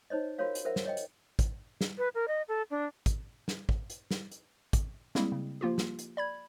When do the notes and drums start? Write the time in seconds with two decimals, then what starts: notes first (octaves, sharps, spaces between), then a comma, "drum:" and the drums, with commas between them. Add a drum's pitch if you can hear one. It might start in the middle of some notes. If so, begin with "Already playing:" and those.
0.10 D#4 C5 C#5 D#5
0.38 F4 F#4 A#4 C5 C#5 F5
0.55 drum: hi-hat
0.65 A#4 C5 E5 F#5
0.76 drum: snare
0.86 C#5 D#5 G5
0.97 drum: hi-hat
1.39 drum: kick, hi-hat
1.81 drum: snare
1.98 B4
2.15 A#4
2.28 D#5
2.48 A4
2.70 D4
3.06 drum: kick, hi-hat
3.48 drum: snare
3.69 drum: kick
3.90 drum: hi-hat
4.11 drum: snare
4.31 drum: hi-hat
4.73 drum: kick, hi-hat
5.15 G3 G#3 A#3 C4 E4 G#4, drum: snare
5.32 C#3
5.61 F3 A#3 F4 G4
5.78 drum: snare
5.99 drum: hi-hat
6.17 D5 B5 G#6